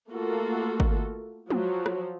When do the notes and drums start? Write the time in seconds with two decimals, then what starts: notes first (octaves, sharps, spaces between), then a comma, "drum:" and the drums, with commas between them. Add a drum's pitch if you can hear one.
0.10 A3 A#3 F4 F#4 A4
0.80 drum: kick
1.50 F3 F#3, drum: tom G#3
1.86 drum: rim click